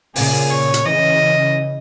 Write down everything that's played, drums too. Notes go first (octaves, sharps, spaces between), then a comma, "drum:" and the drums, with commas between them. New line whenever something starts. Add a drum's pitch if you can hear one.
A#2 C#3 G#4, drum: open hi-hat
C#5
drum: hi-hat
C#3 E3 D#5